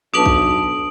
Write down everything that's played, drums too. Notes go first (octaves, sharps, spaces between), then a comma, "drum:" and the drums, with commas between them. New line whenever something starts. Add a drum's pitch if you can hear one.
B1 D4 B4 A5 D#6 D7 F#7
drum: kick A#1